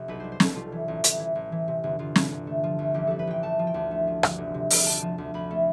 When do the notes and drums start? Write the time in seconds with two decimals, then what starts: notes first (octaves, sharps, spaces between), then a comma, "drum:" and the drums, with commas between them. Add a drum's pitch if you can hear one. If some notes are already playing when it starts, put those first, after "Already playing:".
Already playing: F1 C3
0.08 B1 B4
0.20 G3 C5
0.32 C5
0.40 B1 A4, drum: snare
0.56 G3 F4
0.72 E3
0.88 A1
1.04 A1, drum: hi-hat
1.20 E3
1.35 A1
1.52 E3
1.68 C3
1.84 G1
1.99 G1 F4
2.16 D3, drum: snare
2.32 G1
2.47 A3
2.64 F3
2.79 C2
2.94 A1 G4
3.07 G3 A4
3.19 B4
3.27 A1 G5
3.43 A3 A5
3.59 F3
3.67 G5
3.74 D2
3.91 A3
4.07 F3
4.23 G1, drum: rim click
4.38 F1
4.54 C3
4.70 F1, drum: open hi-hat
4.86 D2 A5
5.02 F3
5.18 D2
5.34 D2 B5
5.51 A3